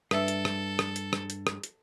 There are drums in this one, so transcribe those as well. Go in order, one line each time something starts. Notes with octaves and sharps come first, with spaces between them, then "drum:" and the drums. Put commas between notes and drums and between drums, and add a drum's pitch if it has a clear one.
G2 D4 A4 B4 E5 E6, drum: rim click
drum: hi-hat
drum: rim click
drum: rim click
drum: hi-hat
drum: rim click
drum: hi-hat
drum: rim click
drum: hi-hat